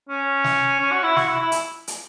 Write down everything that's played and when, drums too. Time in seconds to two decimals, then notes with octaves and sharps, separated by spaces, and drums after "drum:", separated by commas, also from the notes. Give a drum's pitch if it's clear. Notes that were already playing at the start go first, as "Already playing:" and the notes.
0.09 C#4
0.44 drum: snare
0.80 C#4
0.92 F#4
1.03 E4
1.16 F#4, drum: snare
1.28 E4
1.40 E4
1.52 drum: hi-hat
1.88 drum: hi-hat